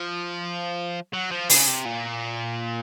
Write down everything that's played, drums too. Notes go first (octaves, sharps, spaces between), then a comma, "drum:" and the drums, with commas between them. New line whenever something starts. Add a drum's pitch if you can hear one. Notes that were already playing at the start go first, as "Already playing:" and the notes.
Already playing: F3
F#3
F3
C#3, drum: open hi-hat
C3
A#2